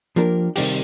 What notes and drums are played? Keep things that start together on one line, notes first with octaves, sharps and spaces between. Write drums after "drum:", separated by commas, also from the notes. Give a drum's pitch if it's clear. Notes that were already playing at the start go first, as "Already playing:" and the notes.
F3 A#3 D4 G4 A#4, drum: hi-hat
C3 D#3 G3 C4 G4, drum: open hi-hat